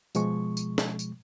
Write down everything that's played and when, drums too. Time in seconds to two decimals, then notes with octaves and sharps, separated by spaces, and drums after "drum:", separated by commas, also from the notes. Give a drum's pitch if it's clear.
0.15 B2 F3 G#3 C#6, drum: tambourine
0.57 drum: tambourine
0.78 drum: snare
0.99 drum: tambourine